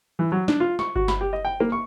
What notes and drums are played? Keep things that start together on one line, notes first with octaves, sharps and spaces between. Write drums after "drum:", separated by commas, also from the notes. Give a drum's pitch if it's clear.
E3
F#3
D4, drum: snare
F4
C#6, drum: snare
F#4, drum: kick G1
B5, drum: snare
G4
D#5
G5
A#3
C#6